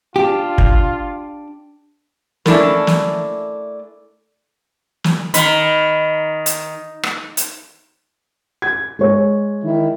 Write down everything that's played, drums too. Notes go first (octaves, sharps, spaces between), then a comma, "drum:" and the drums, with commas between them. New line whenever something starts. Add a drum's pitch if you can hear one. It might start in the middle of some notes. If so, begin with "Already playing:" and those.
D4 F4 G4
drum: kick
A3 C#4 D4 E4 A4 A#4, drum: snare
drum: snare
drum: snare
D#3 B5, drum: hi-hat
drum: hi-hat
drum: rim click
drum: hi-hat
G#6
G#3 C#5
D#3 E4